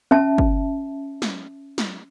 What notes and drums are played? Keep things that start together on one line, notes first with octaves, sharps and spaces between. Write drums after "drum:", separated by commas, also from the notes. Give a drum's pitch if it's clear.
C#4 E5 A5
drum: kick G1
drum: snare
drum: snare